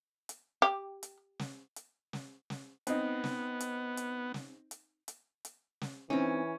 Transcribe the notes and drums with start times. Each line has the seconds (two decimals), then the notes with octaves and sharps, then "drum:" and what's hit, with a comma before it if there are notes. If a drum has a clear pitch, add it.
0.29 drum: hi-hat
0.62 G4
1.03 drum: hi-hat
1.39 drum: snare
1.76 drum: hi-hat
2.13 drum: snare
2.50 drum: snare
2.87 B3 C4 D#4, drum: hi-hat
3.24 drum: snare
3.60 drum: hi-hat
3.97 drum: hi-hat
4.34 drum: snare
4.71 drum: hi-hat
5.08 drum: hi-hat
5.45 drum: hi-hat
5.81 drum: snare
6.10 E3 C4 C#4 D#4